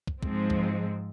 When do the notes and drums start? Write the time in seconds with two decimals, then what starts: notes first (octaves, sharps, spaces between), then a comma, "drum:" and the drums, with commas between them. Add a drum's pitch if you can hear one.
0.07 drum: kick
0.23 G#2 F3 G#3 C4, drum: kick
0.50 drum: kick